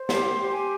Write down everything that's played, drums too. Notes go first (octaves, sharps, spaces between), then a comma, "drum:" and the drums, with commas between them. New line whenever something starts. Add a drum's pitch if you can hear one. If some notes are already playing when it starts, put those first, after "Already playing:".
Already playing: C5
G4 C6, drum: snare
G4
G#5